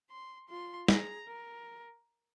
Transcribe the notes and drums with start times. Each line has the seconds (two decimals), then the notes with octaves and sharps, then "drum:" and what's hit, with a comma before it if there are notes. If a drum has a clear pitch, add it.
0.10 C6
0.49 F4 C6
0.88 G#4 A#5, drum: snare
1.28 A#4